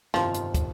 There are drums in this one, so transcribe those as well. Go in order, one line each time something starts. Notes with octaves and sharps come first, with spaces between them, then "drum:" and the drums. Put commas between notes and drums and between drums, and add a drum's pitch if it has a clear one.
G1 F2 C3 D#3 F3, drum: snare
drum: hi-hat
drum: kick, hi-hat